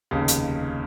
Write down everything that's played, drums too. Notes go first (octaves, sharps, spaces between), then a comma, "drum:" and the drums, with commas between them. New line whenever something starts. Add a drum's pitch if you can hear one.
F1 D#2 C#3
drum: hi-hat